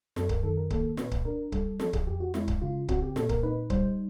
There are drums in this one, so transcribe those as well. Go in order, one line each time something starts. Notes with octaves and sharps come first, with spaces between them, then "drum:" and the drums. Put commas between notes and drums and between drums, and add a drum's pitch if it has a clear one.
F#2 A4, drum: snare
A#4, drum: kick C#1
D#3 A4
A#4
A#3 A4, drum: kick C#1
A#2 B4, drum: snare
drum: kick C#1
D4 A#4
G3 A4, drum: kick C#1
F3 A4, drum: snare
G#4, drum: kick C#1
F2 G4
F#4
G#3 E4, drum: snare
drum: kick C#1
C#3 F4
C4 F#4, drum: kick C#1
G4
A#2 A4, drum: snare
A#4, drum: kick C#1
D#4 B4
G3 C5, drum: kick C#1